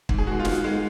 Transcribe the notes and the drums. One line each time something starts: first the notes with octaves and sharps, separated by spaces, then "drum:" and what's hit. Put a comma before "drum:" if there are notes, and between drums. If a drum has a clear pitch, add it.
G#2, drum: kick
G#4
D#3 G#3 F#4
F4
G#2 F#4, drum: snare
D#3 G#3